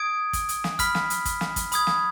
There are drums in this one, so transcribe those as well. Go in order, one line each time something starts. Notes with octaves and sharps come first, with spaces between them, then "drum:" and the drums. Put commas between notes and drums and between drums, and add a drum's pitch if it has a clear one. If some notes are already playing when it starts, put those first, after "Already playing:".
Already playing: D#6 G#6 D7
drum: kick, hi-hat
drum: hi-hat
drum: snare
B5 F6 B6, drum: kick, hi-hat
drum: snare
drum: hi-hat
drum: kick, hi-hat
drum: snare
drum: kick, hi-hat
B5 D#6 G#6, drum: hi-hat
drum: snare